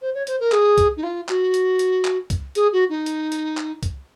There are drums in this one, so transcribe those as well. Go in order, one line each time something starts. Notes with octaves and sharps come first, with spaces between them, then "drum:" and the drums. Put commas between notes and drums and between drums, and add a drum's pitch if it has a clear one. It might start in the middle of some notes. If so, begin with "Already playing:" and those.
C5
C#5
C5, drum: hi-hat
A#4
G#4, drum: clap
drum: kick C#2, hi-hat
D#4
F4
F#4, drum: clap
drum: hi-hat
drum: hi-hat
drum: clap
drum: kick C#2, hi-hat
G#4, drum: hi-hat
F#4
D#4
drum: hi-hat
drum: hi-hat
drum: clap
drum: kick C#2, hi-hat